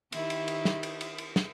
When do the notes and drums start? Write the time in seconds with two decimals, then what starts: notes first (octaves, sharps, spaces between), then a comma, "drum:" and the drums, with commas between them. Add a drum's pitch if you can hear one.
0.12 D#3 E4 G4, drum: cymbal
0.30 drum: cymbal
0.48 drum: cymbal
0.65 drum: snare
0.83 drum: cymbal
1.01 drum: cymbal
1.18 drum: cymbal
1.36 drum: snare